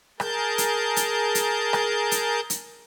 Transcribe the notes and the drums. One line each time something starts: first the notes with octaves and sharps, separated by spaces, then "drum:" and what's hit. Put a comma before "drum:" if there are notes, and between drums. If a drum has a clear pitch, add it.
G#4 A#4 A5 G6, drum: rim click
drum: hi-hat
drum: hi-hat
drum: hi-hat
drum: rim click
drum: hi-hat
drum: hi-hat